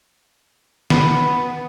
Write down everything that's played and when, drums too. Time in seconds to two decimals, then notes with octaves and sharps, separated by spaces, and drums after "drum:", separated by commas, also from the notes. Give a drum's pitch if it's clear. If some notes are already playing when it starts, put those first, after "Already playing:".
0.90 B3, drum: snare